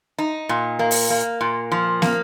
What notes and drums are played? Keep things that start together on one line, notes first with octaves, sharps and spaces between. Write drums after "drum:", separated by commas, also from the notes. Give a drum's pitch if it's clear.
D#4
A#2
A#3
drum: open hi-hat
A#3
A#2
F3
A#3, drum: snare